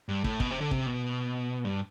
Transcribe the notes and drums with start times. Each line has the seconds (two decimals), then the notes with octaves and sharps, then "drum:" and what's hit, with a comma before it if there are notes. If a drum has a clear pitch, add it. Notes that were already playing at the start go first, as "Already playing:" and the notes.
0.09 G2
0.24 A2, drum: kick
0.40 B2, drum: kick
0.51 C3
0.61 D3
0.71 C3, drum: kick
0.86 B2
1.65 G2